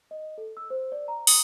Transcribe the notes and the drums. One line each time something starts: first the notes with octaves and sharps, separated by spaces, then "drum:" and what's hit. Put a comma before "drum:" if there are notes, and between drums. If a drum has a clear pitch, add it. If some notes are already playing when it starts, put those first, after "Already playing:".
D#5
A4
E6
C5
D5
A#5
D#6, drum: open hi-hat